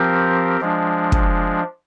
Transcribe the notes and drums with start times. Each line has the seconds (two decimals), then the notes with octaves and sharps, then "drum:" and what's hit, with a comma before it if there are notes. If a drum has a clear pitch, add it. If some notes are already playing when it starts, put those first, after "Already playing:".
Already playing: F3 C4 G4 A#4
0.61 F3 G#3 D4
1.12 drum: kick